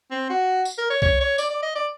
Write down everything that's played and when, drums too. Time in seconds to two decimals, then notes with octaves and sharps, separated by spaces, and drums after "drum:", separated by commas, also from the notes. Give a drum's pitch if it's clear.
0.11 C4
0.30 F#4
0.65 drum: tambourine
0.78 A#4
0.90 C#5
1.02 C#5, drum: kick C2
1.20 C#5
1.38 D5, drum: tambourine
1.50 D5
1.63 D#5
1.75 D5